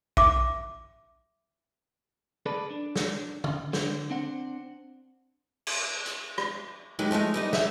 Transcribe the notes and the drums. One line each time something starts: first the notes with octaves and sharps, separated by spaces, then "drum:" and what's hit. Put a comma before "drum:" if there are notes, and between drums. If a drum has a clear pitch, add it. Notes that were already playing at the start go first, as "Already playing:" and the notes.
E5 D6, drum: kick
G#4 A4 B4 D5
D4
drum: snare
drum: tom
D3, drum: snare
C4 D4 C5 F#5
drum: cymbal
drum: hi-hat
drum: rim click
D#2 D#3 F#3 G#3 G4 B4
F3 G#3 A3 D#4
G3 B3 D#4
E5, drum: snare